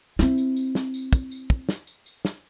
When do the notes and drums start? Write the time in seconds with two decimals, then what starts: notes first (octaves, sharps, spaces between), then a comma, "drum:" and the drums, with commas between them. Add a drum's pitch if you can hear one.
0.19 C4 E4, drum: snare
0.38 drum: tambourine
0.56 drum: tambourine
0.75 drum: snare
0.94 drum: tambourine
1.13 drum: kick, tambourine
1.31 drum: tambourine
1.50 drum: kick
1.69 drum: snare
1.87 drum: tambourine
2.06 drum: tambourine
2.25 drum: snare